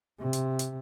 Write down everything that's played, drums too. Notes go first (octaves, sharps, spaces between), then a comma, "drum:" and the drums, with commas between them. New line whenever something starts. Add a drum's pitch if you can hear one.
C3
drum: hi-hat
drum: hi-hat